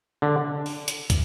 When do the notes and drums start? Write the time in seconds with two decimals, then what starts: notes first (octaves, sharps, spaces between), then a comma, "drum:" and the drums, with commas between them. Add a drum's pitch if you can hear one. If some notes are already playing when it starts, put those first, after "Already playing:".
0.22 D3
0.66 drum: open hi-hat
0.88 drum: hi-hat
1.10 drum: kick, hi-hat